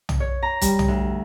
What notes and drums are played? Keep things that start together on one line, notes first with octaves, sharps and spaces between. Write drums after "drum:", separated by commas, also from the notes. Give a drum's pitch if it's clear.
drum: tom
C#5
A#5
G3, drum: kick, hi-hat
drum: tom
D2